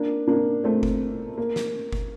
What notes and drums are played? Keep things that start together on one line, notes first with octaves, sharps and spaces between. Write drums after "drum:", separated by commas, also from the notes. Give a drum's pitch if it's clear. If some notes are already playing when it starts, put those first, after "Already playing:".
Already playing: A#3 D4
A#3 D4
A3 C4
drum: kick F#1
A#3
drum: snare
drum: kick F#1